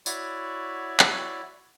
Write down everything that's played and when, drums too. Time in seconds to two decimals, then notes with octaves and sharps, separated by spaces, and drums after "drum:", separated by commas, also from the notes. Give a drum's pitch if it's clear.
0.06 E4 F#4 C#5 D5 B5, drum: tambourine
0.99 drum: clap